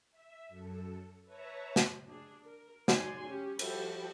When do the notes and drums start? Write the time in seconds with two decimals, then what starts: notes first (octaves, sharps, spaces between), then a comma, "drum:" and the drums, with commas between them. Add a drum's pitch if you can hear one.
0.11 E5
0.48 F#2 A4
1.25 B4 C#5 E5 A5 A#5
1.76 drum: snare
2.10 D4 G#4
2.46 A#4
2.88 F#3 G#3 D#4 D5 G#5 C6, drum: snare
3.27 C#4 G4
3.59 F3 G3 F#4 A4 G5 B5, drum: cymbal